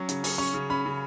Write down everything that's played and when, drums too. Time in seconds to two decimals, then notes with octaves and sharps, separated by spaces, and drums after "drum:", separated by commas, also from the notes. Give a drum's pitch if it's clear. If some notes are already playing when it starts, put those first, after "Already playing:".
Already playing: F#3 C#4 C#6
0.09 C#3, drum: hi-hat
0.24 C#4, drum: open hi-hat
0.38 C#4 C#6
0.54 C#3
0.70 C#4 B5
0.86 C#3